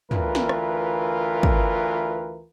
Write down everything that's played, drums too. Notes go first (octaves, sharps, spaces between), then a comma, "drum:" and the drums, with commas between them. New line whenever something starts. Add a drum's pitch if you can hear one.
D2 E3 F4 A#4 B4, drum: tom
drum: snare
drum: rim click
drum: kick